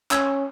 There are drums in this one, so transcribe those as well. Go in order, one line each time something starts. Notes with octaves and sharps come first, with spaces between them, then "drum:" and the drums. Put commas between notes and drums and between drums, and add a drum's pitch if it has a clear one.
C#4 E6 G#6, drum: clap